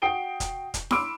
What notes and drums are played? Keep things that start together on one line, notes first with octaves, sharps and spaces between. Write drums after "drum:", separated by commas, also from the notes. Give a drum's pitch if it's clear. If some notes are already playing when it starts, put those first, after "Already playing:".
F#4 G5 D#6 C7 D7 G7
drum: kick, hi-hat
drum: kick, hi-hat
B5 C6 D6 E6 F6 D7, drum: snare E4